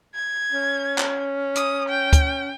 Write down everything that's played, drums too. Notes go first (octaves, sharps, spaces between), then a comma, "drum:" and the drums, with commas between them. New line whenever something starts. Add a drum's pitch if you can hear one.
G#6
C#4
drum: clap
D#6, drum: hi-hat
G5
drum: kick, hi-hat